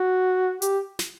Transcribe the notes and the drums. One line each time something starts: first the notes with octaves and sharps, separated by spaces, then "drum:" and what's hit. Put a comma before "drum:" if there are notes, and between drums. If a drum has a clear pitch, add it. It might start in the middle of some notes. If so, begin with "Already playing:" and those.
Already playing: F#4
G4, drum: hi-hat
drum: snare